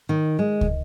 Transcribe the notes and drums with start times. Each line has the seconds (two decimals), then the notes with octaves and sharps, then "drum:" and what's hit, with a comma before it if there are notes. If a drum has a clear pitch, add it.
0.09 D#3
0.39 G#3
0.61 drum: kick